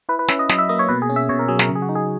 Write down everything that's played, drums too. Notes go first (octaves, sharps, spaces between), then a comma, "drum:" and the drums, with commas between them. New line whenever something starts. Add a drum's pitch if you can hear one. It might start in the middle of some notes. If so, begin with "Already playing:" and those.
E4 B4
B4
C#4 E5, drum: snare
D#5
F#3 D#5, drum: snare
E5
A#3 D#5
C#5
B2 B4
G#4
C#4
E5
B2 C#5
A#4
F#3 G#4
A#4, drum: snare
C#3
G#4
F#4
D#4
G#4